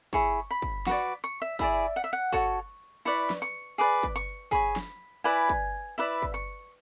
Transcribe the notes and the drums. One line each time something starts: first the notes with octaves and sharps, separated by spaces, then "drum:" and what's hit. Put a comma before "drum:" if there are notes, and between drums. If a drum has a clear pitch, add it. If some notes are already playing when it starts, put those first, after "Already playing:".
E4 G#4 C#5 C#6, drum: kick
B5
drum: kick
F#4 B4 D5 C#6, drum: snare
C#6
E5
E4 G#4 D5 E5, drum: kick
F#5
E5
F#5
F#4 A4 C#5 C#6, drum: kick
E4 B4 D5 C#6
drum: snare
C#6
G#4 B4 D5 D6
drum: kick
C#6
G#4 C#5 B5, drum: kick
drum: snare
E4 B4 D5 G#5
drum: kick
E4 B4 D5 E5
drum: kick
C#6